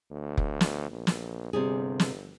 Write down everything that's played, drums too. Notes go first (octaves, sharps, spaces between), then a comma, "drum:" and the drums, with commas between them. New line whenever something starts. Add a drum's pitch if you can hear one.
D2
drum: kick F1
drum: snare
A#1
drum: snare
G1 C3 G3 G#4
drum: snare